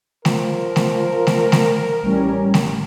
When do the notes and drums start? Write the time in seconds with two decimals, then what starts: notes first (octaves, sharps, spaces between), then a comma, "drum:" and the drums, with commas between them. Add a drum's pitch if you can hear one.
0.25 F3 A#4, drum: snare A3
0.76 drum: snare A3
1.27 drum: snare A3
1.52 drum: snare A3
2.02 A1 G3 C#4
2.54 drum: snare A3